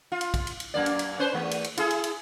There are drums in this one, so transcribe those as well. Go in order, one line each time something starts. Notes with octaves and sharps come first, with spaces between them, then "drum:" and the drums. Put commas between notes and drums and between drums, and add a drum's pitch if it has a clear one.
F4
drum: cymbal
drum: kick, cymbal
drum: cymbal
drum: cymbal
F#2 A#3 D5
drum: cymbal
drum: cymbal
C#4 B4 C5
E2 A3
drum: cymbal
drum: cymbal
E4 G#4 A4, drum: cymbal
drum: cymbal
drum: cymbal